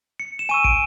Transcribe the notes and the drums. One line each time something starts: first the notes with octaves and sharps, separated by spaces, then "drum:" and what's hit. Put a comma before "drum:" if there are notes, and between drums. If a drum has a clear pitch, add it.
C#7
E7
G#5 C#6 E6 D#7
D7, drum: kick